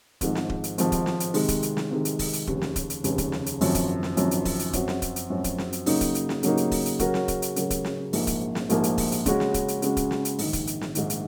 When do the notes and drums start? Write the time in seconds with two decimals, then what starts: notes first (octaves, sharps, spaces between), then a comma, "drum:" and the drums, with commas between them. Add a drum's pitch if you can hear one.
0.21 G#1 G#2 F3, drum: kick D#1, hi-hat
0.35 drum: snare
0.49 drum: kick D#1
0.64 drum: hi-hat
0.78 G#1 G#2 F3, drum: hi-hat
0.92 drum: kick D#1, hi-hat
1.06 drum: snare
1.20 drum: hi-hat
1.34 C3 D#3 G#3, drum: open hi-hat
1.48 drum: kick D#1, hi-hat
1.63 drum: hi-hat
1.77 drum: snare
1.91 C3 D#3 G#3
2.05 drum: hi-hat
2.19 drum: kick D#1, open hi-hat
2.33 drum: hi-hat
2.47 F1 D#2 C#3, drum: kick D#1
2.62 drum: snare
2.76 drum: kick D#1, hi-hat
2.90 drum: hi-hat
3.04 F1 D#2 C#3, drum: hi-hat
3.18 drum: kick D#1, hi-hat
3.32 drum: snare
3.46 drum: hi-hat
3.61 G#1 F#2 F3, drum: open hi-hat
3.75 drum: kick D#1, hi-hat
4.03 drum: snare
4.17 G#1 F#2 F3, drum: hi-hat
4.31 drum: hi-hat
4.45 drum: kick D#1, open hi-hat
4.59 drum: hi-hat
4.73 F#2 F3 C4 F#4, drum: kick D#1, hi-hat
4.88 drum: snare
5.02 drum: kick D#1, hi-hat
5.16 drum: hi-hat
5.30 F#2 F3 C4 F#4
5.44 drum: kick D#1, hi-hat
5.58 drum: snare
5.73 drum: hi-hat
5.86 C#3 F#3 A#3 D#4, drum: open hi-hat
6.01 drum: kick D#1, hi-hat
6.15 drum: hi-hat
6.29 drum: snare
6.43 C#3 F#3 A#3 D#4, drum: hi-hat
6.57 drum: hi-hat
6.71 drum: kick D#1, open hi-hat
6.86 drum: hi-hat
6.99 C#3 F#3 C#4 F#4 A#4, drum: kick D#1, hi-hat
7.14 drum: snare
7.28 drum: kick D#1, hi-hat
7.42 drum: hi-hat
7.56 C#3 F#3 C#4 F#4 A#4, drum: hi-hat
7.70 drum: kick D#1, hi-hat
7.85 drum: snare
8.13 A#1 G#2 F3 A#3, drum: open hi-hat
8.27 drum: kick D#1, hi-hat
8.55 drum: snare
8.69 A#1 G#2 F3 A#3, drum: hi-hat
8.84 drum: hi-hat
8.98 drum: kick D#1, open hi-hat
9.12 drum: hi-hat
9.26 C#3 G#3 C#4 F#4, drum: kick D#1, hi-hat
9.40 drum: snare
9.54 drum: kick D#1, hi-hat
9.68 drum: hi-hat
9.82 C#3 G#3 C#4 F#4, drum: hi-hat
9.97 drum: kick D#1, hi-hat
10.11 drum: snare
10.25 drum: hi-hat
10.39 A#1 G#2 D#3, drum: open hi-hat
10.53 drum: kick D#1, hi-hat
10.67 drum: hi-hat
10.81 drum: snare
10.95 A#1 G#2 D#3, drum: hi-hat
11.10 drum: hi-hat